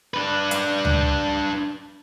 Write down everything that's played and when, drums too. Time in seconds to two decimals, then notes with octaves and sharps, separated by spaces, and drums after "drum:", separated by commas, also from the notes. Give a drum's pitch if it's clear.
0.14 D4 B4
0.51 drum: hi-hat
0.85 drum: tom C#2